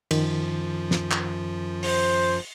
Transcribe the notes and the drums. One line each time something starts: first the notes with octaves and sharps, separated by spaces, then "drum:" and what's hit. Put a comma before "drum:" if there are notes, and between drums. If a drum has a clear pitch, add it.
F#2 D#3 F3 F4, drum: cymbal
drum: snare
drum: clap
C5, drum: open hi-hat